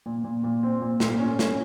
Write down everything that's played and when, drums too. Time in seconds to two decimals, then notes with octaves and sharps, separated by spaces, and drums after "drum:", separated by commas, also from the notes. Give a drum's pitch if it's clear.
0.06 A#2
0.24 A#2
0.44 A#2
0.63 C4
0.81 A#2
1.00 A#2, drum: snare
1.19 C#4
1.39 C#4, drum: snare